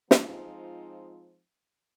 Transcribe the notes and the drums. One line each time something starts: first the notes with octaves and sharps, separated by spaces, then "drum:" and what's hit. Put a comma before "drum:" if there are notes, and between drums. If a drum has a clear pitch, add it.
F3 G#3 C4 D#4 F4, drum: snare